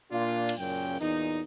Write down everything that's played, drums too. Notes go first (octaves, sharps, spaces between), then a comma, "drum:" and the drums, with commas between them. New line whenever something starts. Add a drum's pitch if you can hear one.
A#2 D4 F4
drum: cymbal
F#2 A#2 C#3 C#4 G5
E2 A#2 D#4, drum: open hi-hat